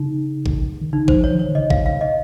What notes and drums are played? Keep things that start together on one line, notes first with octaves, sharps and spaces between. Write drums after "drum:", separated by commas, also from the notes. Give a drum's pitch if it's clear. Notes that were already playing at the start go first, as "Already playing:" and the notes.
Already playing: C#3 D#4
drum: kick A1
D#3
C#3 D#4
C5, drum: kick A1
F3
C#5
D#3
C#5
D#3
C#3 D#5
F5, drum: kick A1
F5
D#5